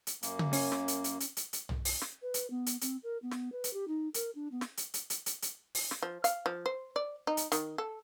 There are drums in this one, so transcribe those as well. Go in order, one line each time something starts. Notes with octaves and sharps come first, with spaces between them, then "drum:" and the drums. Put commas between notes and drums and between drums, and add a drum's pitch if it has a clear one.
drum: hi-hat
F#2 A#3, drum: hi-hat
drum: tom C#3
C#4, drum: open hi-hat
drum: snare
drum: hi-hat
drum: hi-hat
drum: hi-hat
drum: hi-hat
drum: hi-hat
drum: tom
drum: open hi-hat
drum: snare
B4
drum: hi-hat
B3
drum: hi-hat
C4, drum: hi-hat
A#4
B3
drum: snare
B4
drum: hi-hat
G4
D#4
A#4, drum: hi-hat
D4
B3
drum: snare
drum: hi-hat
drum: hi-hat
drum: hi-hat
drum: hi-hat
drum: hi-hat
drum: open hi-hat
drum: snare
F3
F5, drum: hi-hat
F3
C5
D5
D#4
drum: hi-hat
D#3, drum: hi-hat
A4